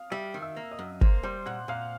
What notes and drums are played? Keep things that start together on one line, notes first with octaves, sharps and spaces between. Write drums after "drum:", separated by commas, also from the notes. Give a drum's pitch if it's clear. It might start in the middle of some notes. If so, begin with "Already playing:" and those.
Already playing: F5 D#6 F6
G3 E5 E6
D#3
E5 E6
A#3
D#5 D#6
F#2
A#3 C5 C6, drum: kick G1
G3 C5 C6
A#2 F#5 F#6
A#2 F5 F6